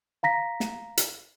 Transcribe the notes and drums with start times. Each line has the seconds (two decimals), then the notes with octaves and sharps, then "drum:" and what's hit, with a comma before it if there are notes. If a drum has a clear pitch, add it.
0.23 F5 A#5 A#6 B6
0.60 drum: snare
0.97 drum: hi-hat